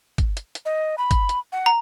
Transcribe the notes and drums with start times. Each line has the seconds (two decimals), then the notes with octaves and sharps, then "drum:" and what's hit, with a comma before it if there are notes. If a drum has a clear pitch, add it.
0.18 drum: kick, hi-hat
0.37 drum: hi-hat
0.55 drum: hi-hat
0.66 D#5
0.98 B5
1.11 drum: kick, hi-hat
1.29 drum: hi-hat
1.52 F#5
1.66 A#5